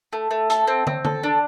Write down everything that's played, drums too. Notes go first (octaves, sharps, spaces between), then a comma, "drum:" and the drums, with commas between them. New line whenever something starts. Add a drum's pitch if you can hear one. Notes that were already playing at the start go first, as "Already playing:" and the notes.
A3
A3
A4, drum: hi-hat
C4
C4, drum: tom
A4, drum: tom D3
D4